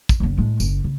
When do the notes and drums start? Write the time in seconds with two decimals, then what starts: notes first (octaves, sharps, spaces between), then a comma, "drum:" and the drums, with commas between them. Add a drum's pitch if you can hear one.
0.09 drum: kick, tambourine
0.20 F#1 B3
0.38 A2 G#3
0.60 F#1, drum: tambourine
0.84 C#3